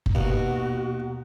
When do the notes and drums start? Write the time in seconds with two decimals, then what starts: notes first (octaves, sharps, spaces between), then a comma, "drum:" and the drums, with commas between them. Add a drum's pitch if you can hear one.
0.06 drum: kick F#1
0.15 D#2 B2 B3 F#4